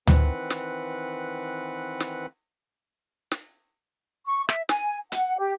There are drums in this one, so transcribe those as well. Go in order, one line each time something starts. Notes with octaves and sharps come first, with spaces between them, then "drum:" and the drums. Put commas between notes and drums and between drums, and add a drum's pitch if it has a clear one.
D#3 E3 C4 B4 F#5, drum: tom D2
drum: snare
drum: snare
drum: snare
C#6
E5, drum: rim click
G#5, drum: snare
F#5, drum: hi-hat
G4